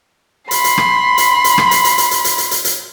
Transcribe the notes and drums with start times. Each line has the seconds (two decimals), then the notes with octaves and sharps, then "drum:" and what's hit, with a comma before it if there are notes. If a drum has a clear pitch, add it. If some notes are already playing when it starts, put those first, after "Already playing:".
0.51 B5 C6, drum: hi-hat
0.64 drum: hi-hat
0.78 drum: rim click
1.18 drum: hi-hat
1.44 drum: hi-hat
1.58 drum: rim click
1.71 drum: hi-hat
1.84 drum: hi-hat
1.98 drum: hi-hat
2.11 drum: hi-hat
2.25 drum: hi-hat
2.38 drum: hi-hat
2.51 drum: hi-hat
2.65 drum: hi-hat